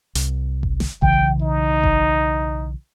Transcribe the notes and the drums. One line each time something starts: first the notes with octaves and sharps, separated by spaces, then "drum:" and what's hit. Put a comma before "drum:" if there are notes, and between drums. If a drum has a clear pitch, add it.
C2, drum: hi-hat
drum: kick G1
drum: snare
B1 C#3 E3 G5, drum: kick G1
D#4
drum: kick G1